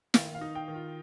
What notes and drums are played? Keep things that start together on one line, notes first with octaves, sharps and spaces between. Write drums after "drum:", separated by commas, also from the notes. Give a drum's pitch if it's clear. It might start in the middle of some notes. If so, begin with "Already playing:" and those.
D#3 F5, drum: snare
F5
D#4
G5
D#3
F4